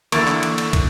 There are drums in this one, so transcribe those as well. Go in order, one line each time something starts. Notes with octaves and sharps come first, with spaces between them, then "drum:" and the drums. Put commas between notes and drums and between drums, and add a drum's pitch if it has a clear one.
D3 E3 A#3 C#6 A6, drum: cymbal
drum: clap
drum: cymbal
drum: cymbal
drum: kick, cymbal